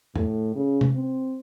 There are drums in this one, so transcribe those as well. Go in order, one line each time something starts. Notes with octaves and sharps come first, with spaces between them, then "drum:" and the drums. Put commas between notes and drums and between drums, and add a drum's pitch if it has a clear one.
A2, drum: tom
C#3
drum: tom C3
C4